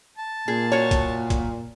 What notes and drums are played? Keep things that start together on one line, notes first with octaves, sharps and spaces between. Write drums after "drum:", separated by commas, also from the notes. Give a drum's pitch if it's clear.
A5
A#2 G#4
F#4 C#5
drum: kick, hi-hat
drum: kick, hi-hat